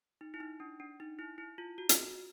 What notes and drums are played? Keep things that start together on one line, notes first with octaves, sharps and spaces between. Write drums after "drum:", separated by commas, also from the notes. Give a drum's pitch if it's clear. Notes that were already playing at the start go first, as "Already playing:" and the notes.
D#4
E4
D#4
D4
D4
D#4
E4
E4
F4
F#4
drum: hi-hat